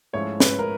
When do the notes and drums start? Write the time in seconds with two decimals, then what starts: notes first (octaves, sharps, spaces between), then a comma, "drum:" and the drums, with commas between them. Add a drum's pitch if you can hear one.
0.13 G#2 F3 A3 C#4 E4 C#5
0.40 B4, drum: snare
0.59 A#4